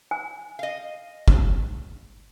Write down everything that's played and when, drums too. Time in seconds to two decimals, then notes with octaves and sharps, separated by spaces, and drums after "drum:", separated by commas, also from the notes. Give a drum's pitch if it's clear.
0.11 G#5
0.59 D#5 F5
1.28 drum: kick